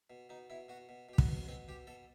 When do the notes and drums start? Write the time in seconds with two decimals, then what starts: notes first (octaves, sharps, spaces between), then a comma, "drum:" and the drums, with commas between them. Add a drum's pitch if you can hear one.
0.10 B2
0.29 B2 D#4
0.50 B2 E4
0.68 B2 F#4
0.89 B2
1.09 B2 G4
1.18 F#4, drum: kick
1.28 B2
1.48 B2 C4
1.68 B2 G4
1.87 B2 A4